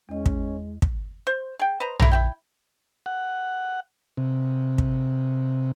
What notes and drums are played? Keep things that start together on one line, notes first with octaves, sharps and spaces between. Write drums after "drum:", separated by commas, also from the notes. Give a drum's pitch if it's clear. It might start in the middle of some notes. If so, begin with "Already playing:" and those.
E2 G#3 C#4 D#5
drum: kick
drum: kick
C5
G#4 G5
B4 C5 D#5 A#5
E4 A#5, drum: tom
E4 G4 G5
F#5
C3
drum: kick